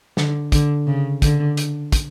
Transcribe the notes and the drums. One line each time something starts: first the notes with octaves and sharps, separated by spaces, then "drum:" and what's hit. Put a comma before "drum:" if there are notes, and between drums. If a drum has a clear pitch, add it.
D3, drum: snare
D3, drum: kick, hi-hat
C#3
D3, drum: kick, hi-hat
drum: hi-hat
drum: kick, hi-hat